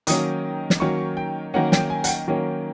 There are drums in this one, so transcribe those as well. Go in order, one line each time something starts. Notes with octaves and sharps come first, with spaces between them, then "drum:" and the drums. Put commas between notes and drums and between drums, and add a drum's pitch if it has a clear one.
D#3 F#3 A#3 C#4 D#6, drum: hi-hat
drum: snare
D#3 F#3 A#3 C#4 C#6
G5
D#3 F#3 A#3 C#4 F#5
G5, drum: snare
G#5
F#5, drum: hi-hat
G5
D#3 F#3 A#3 C#4